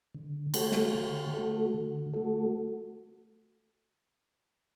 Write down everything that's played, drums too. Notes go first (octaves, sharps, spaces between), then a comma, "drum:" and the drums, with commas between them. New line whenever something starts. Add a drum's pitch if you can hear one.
D3
A3 F#4 A4, drum: cymbal
drum: snare
D3
A3 F#4 A4
D3
A3 F#4 A4